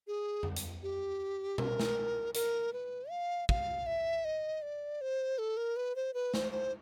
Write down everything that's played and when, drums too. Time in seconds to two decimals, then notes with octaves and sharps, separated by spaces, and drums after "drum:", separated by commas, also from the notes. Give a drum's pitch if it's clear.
0.07 G#4
0.43 drum: tom F2
0.56 drum: hi-hat
0.83 G4
1.58 A#4, drum: tom B2
1.80 drum: snare
2.34 A#4, drum: hi-hat
2.73 B4
3.10 F5
3.49 F5, drum: kick
3.86 E5
4.25 D#5
4.62 D5
5.01 C5
5.38 A4
5.57 A#4
5.76 B4
5.96 C5
6.14 B4
6.34 C5, drum: snare
6.52 C5